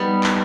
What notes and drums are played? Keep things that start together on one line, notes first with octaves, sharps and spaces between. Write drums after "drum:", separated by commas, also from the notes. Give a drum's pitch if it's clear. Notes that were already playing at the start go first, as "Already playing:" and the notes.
Already playing: G3 B3 D#4
drum: clap